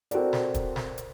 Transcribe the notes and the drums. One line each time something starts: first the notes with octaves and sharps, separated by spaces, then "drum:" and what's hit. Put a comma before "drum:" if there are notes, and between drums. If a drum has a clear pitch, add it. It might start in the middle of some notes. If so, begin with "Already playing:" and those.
C4 F#4 A4 A#4 D5, drum: hi-hat
drum: snare
drum: kick, hi-hat
drum: snare
drum: hi-hat